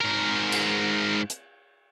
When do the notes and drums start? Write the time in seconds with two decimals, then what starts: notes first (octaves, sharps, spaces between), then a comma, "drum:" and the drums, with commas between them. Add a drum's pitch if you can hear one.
0.01 G#2 A#4
0.52 drum: cymbal
1.30 drum: hi-hat